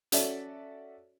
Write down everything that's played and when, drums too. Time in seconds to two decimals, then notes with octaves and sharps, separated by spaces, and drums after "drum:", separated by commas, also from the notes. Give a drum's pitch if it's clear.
0.12 C#4 F#4 A4 D5 E5, drum: hi-hat